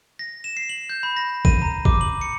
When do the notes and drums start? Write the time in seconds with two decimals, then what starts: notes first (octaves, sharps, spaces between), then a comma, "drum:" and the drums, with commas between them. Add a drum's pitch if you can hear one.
0.19 A#6
0.44 E7
0.57 C7
0.69 F#7
0.89 G6
1.03 B5
1.17 A#6
1.45 D#7, drum: kick
1.62 A#5
1.85 D6, drum: kick
2.01 F#7
2.21 C#7